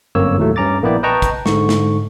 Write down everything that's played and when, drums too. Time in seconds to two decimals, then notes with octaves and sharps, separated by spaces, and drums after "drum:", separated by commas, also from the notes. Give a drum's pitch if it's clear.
0.15 G1 F#2 A#3 C4 C#5 E6
0.37 D#2 A2 F#3 A3
0.56 G2 C#4 A#5 D6 A6
0.82 A#1 A#3 B3 E4 D5 G5
1.03 B4 D#5 G5 A5 A#5 C#6
1.22 drum: kick, hi-hat
1.46 G#2 D3 C#6, drum: snare
1.69 drum: snare